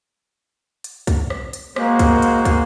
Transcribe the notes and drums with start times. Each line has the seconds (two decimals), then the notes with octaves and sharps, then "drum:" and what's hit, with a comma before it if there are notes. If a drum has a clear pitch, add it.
0.84 drum: hi-hat
1.07 drum: kick, hi-hat
1.30 drum: rim click
1.53 drum: hi-hat
1.76 G#3 A#3 F#4 C5, drum: rim click
1.99 drum: kick, hi-hat
2.22 drum: hi-hat
2.45 drum: kick, hi-hat